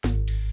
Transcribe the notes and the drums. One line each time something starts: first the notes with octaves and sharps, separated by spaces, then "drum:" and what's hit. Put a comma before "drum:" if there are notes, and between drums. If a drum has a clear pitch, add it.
G#1, drum: snare
drum: cymbal